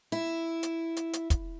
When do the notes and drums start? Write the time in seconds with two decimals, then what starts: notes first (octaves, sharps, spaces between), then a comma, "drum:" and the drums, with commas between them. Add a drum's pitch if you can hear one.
0.12 E4
0.63 drum: hi-hat
0.97 drum: hi-hat
1.13 drum: hi-hat
1.30 drum: kick, hi-hat